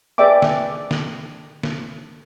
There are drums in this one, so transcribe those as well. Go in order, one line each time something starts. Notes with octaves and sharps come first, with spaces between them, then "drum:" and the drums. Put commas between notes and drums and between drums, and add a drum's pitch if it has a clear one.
G#4 B4 D5 E5 G5 D6
drum: snare
drum: snare
drum: snare